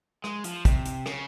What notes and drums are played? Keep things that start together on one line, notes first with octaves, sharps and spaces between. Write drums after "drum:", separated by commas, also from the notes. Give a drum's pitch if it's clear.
G#3, drum: rim click
F3, drum: hi-hat
C3, drum: kick, hi-hat
drum: hi-hat
C#3, drum: rim click